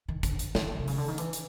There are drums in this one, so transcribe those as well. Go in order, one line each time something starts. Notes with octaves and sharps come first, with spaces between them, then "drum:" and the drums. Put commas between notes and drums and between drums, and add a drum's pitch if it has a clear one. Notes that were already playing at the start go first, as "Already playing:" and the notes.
D#3
D3, drum: kick, hi-hat
drum: hi-hat
D#3, drum: snare
C3
C#3, drum: open hi-hat
D3
D#3
E3, drum: hi-hat
drum: hi-hat